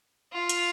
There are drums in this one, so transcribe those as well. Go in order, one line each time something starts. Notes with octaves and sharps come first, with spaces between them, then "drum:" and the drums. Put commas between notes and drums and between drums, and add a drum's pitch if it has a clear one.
F4
drum: hi-hat